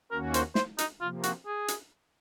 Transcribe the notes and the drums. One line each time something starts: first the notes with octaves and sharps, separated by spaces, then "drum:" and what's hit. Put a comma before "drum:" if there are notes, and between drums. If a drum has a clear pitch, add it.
D#2 D#3 A#3 C#4 F#4 A#4
C5, drum: hi-hat
C5, drum: snare
D#4, drum: hi-hat
C3 F3 A#3 F4
F#4, drum: hi-hat
G#4
drum: hi-hat